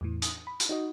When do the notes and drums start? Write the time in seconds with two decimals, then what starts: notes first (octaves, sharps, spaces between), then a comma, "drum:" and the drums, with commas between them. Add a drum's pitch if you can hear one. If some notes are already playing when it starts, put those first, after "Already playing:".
0.01 E2 A2 E3
0.22 D#6, drum: hi-hat
0.47 B5
0.60 drum: hi-hat
0.69 D#4 F#4 D#5